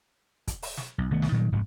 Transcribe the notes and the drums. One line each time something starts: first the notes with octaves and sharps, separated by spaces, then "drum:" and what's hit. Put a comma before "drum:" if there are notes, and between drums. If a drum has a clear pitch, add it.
drum: kick, hi-hat
drum: open hi-hat
drum: snare
B1
C2 D#3 A3 B3
drum: snare
A#2 D#3 F#3 G3
F1 G#2 B2